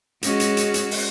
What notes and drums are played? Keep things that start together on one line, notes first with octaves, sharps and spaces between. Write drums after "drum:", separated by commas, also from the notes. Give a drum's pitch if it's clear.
G#3 C#4 F#4, drum: hi-hat
drum: hi-hat
drum: hi-hat
drum: hi-hat
drum: open hi-hat